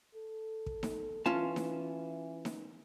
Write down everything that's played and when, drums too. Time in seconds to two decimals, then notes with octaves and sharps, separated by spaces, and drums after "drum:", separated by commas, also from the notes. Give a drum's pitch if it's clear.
0.15 A4
0.66 drum: kick
0.83 drum: snare D#4
1.26 E3 C#4 F4 A5
1.56 drum: snare D#4
2.45 drum: snare D#4